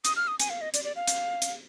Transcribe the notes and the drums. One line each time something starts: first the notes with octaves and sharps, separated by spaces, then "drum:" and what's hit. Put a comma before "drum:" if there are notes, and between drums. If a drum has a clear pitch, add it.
D#6, drum: hi-hat
F6
D#6
G#5, drum: hi-hat
F5
D#5
D5, drum: hi-hat
D5
F5
drum: hi-hat
drum: hi-hat